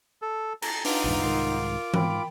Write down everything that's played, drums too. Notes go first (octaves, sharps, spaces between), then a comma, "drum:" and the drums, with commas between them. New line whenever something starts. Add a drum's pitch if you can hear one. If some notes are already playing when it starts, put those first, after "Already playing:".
A4
A5 A#5, drum: cymbal
D4 D#4 F4 B4 F#5 A#5 D6, drum: open hi-hat
A#1 E2 G#2
C2 G#2 D#3 A#4 C6 C7
G#2 G5 B5, drum: tom E3